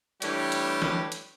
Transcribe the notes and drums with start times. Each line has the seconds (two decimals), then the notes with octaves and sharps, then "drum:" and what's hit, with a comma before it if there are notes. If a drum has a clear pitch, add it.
0.22 E3 G3 A3 D4 G4 C#5, drum: hi-hat
0.52 drum: hi-hat
0.82 drum: snare
1.12 drum: hi-hat